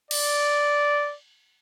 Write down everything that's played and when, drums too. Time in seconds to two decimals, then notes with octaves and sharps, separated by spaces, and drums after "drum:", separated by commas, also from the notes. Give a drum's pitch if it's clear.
0.11 D5, drum: cymbal